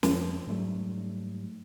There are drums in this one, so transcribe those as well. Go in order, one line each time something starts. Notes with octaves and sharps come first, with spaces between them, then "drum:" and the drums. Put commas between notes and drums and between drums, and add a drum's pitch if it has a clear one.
F2 F3 C#4, drum: snare
G#2 F#3 G3 A3